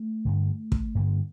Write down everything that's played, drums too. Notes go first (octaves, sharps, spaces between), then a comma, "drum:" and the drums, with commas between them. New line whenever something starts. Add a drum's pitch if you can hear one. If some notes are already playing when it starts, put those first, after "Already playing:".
Already playing: A3
G2 D3
drum: kick
G2 D3 A#3